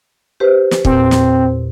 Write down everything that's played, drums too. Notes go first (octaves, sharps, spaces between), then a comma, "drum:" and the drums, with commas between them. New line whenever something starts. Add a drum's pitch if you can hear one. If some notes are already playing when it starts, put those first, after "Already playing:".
G4 B4 C5
drum: snare
E2 A#2 C4, drum: kick
drum: snare